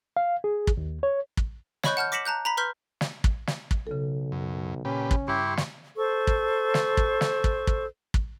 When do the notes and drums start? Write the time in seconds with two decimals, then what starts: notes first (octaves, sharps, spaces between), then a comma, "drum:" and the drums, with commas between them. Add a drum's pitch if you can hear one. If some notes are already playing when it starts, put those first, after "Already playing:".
0.17 F5
0.44 G#4
0.67 drum: kick
0.77 D#2
1.03 C#5
1.37 drum: kick
1.83 C#5 D#5 B5 C#6 F#6 G6, drum: snare
1.97 F#5 A5 F6 G6
2.12 D6 A#6 B6 C#7 E7 F#7
2.25 A5 A#5 F#6 G6
2.45 A#5 B5 B6
2.57 B4 C6 F6 G6 B6
3.01 drum: snare
3.24 drum: kick
3.47 drum: snare
3.71 drum: kick
3.87 B1 C#3 A4
4.32 F#2
4.85 A#2 C#4 G4 B4
5.11 drum: kick
5.28 G2 E4 G4 C6 C#6
5.57 drum: snare
5.96 A4 C5 C#6
6.27 drum: kick
6.74 drum: snare
6.97 drum: kick
7.21 drum: snare
7.44 drum: kick
7.67 drum: kick
8.14 drum: kick